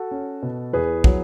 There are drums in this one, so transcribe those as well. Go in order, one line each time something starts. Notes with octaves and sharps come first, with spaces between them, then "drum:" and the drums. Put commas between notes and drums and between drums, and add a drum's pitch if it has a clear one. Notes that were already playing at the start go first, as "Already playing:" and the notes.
Already playing: F#4 A4
C#4
B2
E2 G#4 B4
F#3, drum: kick